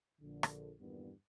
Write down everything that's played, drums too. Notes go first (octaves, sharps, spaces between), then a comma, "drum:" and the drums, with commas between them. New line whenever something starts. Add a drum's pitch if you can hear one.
A#1 D3
drum: rim click
E2 G2 A#2 D#3 B3